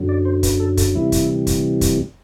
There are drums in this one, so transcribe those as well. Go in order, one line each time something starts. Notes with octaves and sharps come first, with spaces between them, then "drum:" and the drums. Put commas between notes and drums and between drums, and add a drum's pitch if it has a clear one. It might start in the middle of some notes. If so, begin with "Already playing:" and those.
Already playing: F#2 D3 F#3
D5
C5
B4, drum: kick, hi-hat
A4
A4, drum: kick, hi-hat
D2 C3 E3 G3 E4
drum: kick, hi-hat
drum: kick, hi-hat
drum: kick, hi-hat